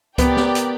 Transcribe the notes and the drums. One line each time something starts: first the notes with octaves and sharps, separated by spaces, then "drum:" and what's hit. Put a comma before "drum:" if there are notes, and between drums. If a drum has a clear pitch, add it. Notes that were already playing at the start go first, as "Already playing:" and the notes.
B3 G4 A#4 D5 G5, drum: kick C#2, hi-hat
drum: snare
drum: hi-hat